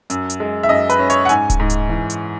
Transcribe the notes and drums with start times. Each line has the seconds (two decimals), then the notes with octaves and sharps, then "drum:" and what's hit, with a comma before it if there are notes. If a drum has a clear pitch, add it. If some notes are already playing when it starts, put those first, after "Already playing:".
0.10 F#2, drum: hi-hat
0.30 drum: hi-hat
0.40 G#3
0.63 E5
0.69 F#2 D#5
0.90 B4, drum: hi-hat
0.99 C#4
1.10 C#5, drum: hi-hat
1.25 F#5
1.29 G#2 G#5, drum: hi-hat
1.50 drum: kick D1, hi-hat
1.60 G#2
1.70 drum: hi-hat
1.89 E3
2.10 drum: hi-hat